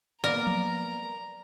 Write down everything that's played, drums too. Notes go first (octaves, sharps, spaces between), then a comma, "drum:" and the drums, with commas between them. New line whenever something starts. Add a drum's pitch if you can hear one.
A#3 B3 A#4 D5 A#5
drum: tom F3